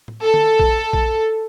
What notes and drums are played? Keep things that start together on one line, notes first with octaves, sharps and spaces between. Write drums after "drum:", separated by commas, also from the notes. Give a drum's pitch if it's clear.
drum: tom A2
A4
drum: tom D3
drum: kick A#1
drum: kick A#1